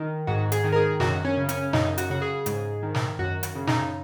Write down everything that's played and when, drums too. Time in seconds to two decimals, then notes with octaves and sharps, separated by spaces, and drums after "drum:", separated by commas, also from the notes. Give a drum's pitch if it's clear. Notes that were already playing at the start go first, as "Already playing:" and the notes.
Already playing: D#3
0.27 G#2 F#4
0.52 G#4, drum: hi-hat
0.64 D#3
0.72 A#4
0.76 G#4
1.00 F#2 F#4, drum: snare
1.25 C#4
1.37 C#3
1.49 C#4, drum: hi-hat
1.73 F#2 D#4, drum: snare
1.98 F#4, drum: hi-hat
2.10 C#3 F#4
2.22 G#4
2.46 G#2, drum: hi-hat
2.83 D#3
2.95 drum: snare
3.19 F#2 F#4
3.43 F#4, drum: hi-hat
3.55 C#3
3.67 D#4, drum: snare